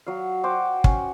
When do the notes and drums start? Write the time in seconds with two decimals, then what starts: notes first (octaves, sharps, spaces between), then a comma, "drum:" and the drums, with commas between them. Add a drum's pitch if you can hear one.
0.07 F#3 F5
0.43 F#4 C5 G5 D6
0.84 C#4, drum: kick